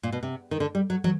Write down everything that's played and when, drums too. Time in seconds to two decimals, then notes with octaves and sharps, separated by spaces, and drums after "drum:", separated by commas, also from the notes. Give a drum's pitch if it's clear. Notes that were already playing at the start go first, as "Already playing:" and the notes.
0.03 A#2
0.12 B2
0.23 C3
0.51 D#3
0.60 D3
0.75 G3
0.90 F#3
1.04 F#3, drum: tom